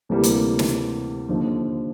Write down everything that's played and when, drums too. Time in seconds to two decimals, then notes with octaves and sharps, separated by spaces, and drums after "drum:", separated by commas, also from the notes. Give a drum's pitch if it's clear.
0.09 D2 C3 E3 G3 A#3
0.23 drum: hi-hat
0.59 drum: snare
1.29 D#2 D3 F3